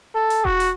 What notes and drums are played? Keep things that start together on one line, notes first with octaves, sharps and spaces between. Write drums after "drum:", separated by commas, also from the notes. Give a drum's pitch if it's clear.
A4
drum: hi-hat
F#4, drum: kick E1
drum: hi-hat